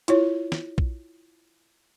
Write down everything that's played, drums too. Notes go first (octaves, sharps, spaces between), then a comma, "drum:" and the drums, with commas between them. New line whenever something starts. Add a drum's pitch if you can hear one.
E4 F4 C#5, drum: hi-hat
drum: snare
drum: kick A#1